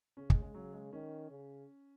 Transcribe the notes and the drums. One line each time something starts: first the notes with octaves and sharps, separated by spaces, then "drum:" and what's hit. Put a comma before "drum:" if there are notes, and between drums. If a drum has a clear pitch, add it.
C#3 C#4
G#3, drum: kick
G#3
C#3 F#3
G#3
D#3 C#4
C#3